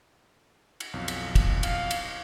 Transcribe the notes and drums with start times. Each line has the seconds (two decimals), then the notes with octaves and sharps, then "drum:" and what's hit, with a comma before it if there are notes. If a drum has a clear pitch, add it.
0.80 drum: cymbal
0.93 B1 F2
1.08 drum: cymbal
1.35 drum: kick, cymbal
1.63 F5, drum: cymbal
1.91 drum: cymbal